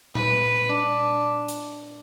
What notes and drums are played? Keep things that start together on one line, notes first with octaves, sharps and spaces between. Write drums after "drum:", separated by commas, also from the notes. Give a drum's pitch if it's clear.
B4, drum: tom A#2
D4
drum: hi-hat